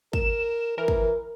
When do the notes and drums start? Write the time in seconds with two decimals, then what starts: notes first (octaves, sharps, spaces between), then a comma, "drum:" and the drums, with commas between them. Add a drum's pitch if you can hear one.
0.13 A#4 E7, drum: kick
0.78 E3 A#4
0.88 drum: kick